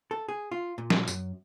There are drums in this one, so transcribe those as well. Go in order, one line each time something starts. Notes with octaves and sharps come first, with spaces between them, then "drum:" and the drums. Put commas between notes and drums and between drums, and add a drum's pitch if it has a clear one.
A4
G#4
F4
A#2
drum: snare
F#2, drum: tambourine